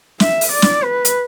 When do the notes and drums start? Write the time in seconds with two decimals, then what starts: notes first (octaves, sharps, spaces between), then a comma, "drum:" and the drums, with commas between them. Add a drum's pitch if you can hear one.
0.20 E5, drum: snare
0.41 drum: open hi-hat
0.52 D5
0.62 drum: snare
0.83 B4
1.05 drum: hi-hat